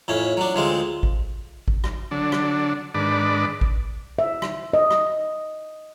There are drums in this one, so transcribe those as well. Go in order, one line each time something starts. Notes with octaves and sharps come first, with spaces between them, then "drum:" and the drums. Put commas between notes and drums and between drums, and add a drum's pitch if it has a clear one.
F2 A2 C#4
F#3 D4
D2 F3 G#3 C4
drum: kick A1
drum: kick A1
drum: rim click
D3 F#3 D4
drum: rim click
G#2 D#3 D4 B4 D5
drum: kick A1
E5
drum: rim click
D#5
drum: rim click